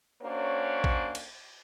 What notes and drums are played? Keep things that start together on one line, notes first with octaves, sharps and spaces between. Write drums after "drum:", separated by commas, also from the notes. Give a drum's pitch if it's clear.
A#3 C#4 D4 F#4 C5 C#5
drum: kick A1
drum: cymbal